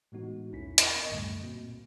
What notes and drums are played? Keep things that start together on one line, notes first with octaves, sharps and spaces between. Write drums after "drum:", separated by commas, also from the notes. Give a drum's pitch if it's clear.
A2 E3 G#3 B3 D#4 F#4
B1 E2 C#4 E4 B6
A#4 B5 C#6 F6 G#6, drum: hi-hat
B3 D#5
C#2 F#2 A2 D3 G3 A3
A#2 A#3 C4 F#4